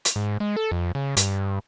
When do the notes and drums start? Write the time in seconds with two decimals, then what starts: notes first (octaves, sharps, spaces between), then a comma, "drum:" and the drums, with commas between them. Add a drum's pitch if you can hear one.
0.05 drum: hi-hat
0.16 G#2
0.40 G#3
0.57 A4
0.71 F2
0.95 C#3
1.17 G2, drum: hi-hat